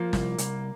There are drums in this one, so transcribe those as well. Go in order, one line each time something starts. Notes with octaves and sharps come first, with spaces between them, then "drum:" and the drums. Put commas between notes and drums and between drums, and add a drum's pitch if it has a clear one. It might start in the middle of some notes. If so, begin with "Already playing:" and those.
Already playing: F3 A#3
C2, drum: snare
C2, drum: hi-hat